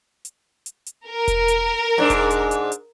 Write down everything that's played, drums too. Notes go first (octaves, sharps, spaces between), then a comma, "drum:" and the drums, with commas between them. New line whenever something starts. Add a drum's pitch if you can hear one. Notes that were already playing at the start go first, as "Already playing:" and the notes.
drum: hi-hat
drum: hi-hat
drum: hi-hat
A#4
drum: kick E1, hi-hat
drum: hi-hat
G#2 D4
drum: kick E1, hi-hat
drum: hi-hat
drum: hi-hat
drum: hi-hat